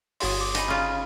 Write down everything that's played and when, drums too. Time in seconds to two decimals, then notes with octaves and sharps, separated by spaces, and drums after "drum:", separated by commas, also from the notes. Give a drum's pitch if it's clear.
0.20 G1 F#4 C#5 C6 C#6 D#6, drum: open hi-hat
0.41 D6
0.55 D#4 G#5 B5, drum: hi-hat
0.68 C#3 F4